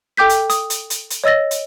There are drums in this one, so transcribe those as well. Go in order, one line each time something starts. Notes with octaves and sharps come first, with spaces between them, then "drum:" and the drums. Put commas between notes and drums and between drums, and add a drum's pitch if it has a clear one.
A4 G5 D6 G6 B6
drum: hi-hat
D#6, drum: hi-hat
drum: hi-hat
drum: hi-hat
drum: hi-hat
C#5 D#5 E6 A6 A#6
drum: hi-hat